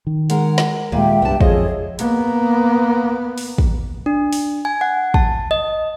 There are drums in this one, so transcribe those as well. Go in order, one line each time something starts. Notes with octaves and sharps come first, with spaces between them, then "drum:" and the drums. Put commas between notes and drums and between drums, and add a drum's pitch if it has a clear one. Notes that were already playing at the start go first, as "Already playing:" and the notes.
D#3
G#3 A#4 F#5, drum: hi-hat
drum: snare
D#2 A#2 G#3 G4 E5 G5
C2 G2 B3 A5
F2 F3 G#4 A4 C#5 D#5, drum: kick
A#3 B3, drum: hi-hat
drum: open hi-hat
drum: kick
D4
drum: open hi-hat
G#5
F#5
A5, drum: kick
D#5